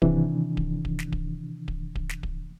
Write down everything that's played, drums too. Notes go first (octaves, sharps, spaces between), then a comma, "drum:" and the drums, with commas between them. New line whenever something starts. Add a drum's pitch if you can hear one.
C3 D#3 E3 D4, drum: kick D1
drum: kick D1
drum: kick D1
drum: snare
drum: kick D1
drum: kick D1
drum: kick D1
drum: snare
drum: kick D1